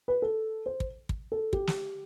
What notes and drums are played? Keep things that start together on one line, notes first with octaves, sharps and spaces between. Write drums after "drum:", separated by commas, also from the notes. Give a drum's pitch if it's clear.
B4
A4
C5
drum: kick
drum: kick
A4
G4, drum: kick
drum: snare